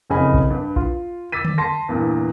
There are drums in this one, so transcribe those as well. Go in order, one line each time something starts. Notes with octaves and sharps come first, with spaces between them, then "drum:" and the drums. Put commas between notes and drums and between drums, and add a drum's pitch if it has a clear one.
F#1 F2 C#3 D#5 G#5 B5
drum: kick A#1
G2 B4
F4, drum: kick A#1
D6 E6 A6 B6 D#7
drum: tom D3
A5 C6 A#6
E2 G2 A#2